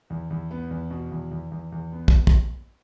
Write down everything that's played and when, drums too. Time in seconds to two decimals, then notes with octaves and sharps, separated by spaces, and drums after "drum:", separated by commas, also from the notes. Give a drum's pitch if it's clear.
0.10 E2
0.30 E2
0.51 B3
0.71 E2
0.91 B2
1.12 E2
1.31 E2
1.52 E2
1.72 E2
1.92 B3
2.08 drum: kick
2.27 drum: kick